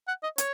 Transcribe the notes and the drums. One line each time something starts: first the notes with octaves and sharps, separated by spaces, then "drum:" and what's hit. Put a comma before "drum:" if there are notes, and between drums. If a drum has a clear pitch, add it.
F#5
D#5
C#5, drum: hi-hat